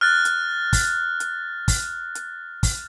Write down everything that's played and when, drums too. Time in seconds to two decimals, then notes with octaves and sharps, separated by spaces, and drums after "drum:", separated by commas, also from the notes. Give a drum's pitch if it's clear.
0.01 F6 F#6 A6
0.25 drum: hi-hat
0.73 drum: kick, open hi-hat
1.20 drum: hi-hat
1.68 drum: kick, open hi-hat
2.15 drum: hi-hat
2.63 drum: kick, open hi-hat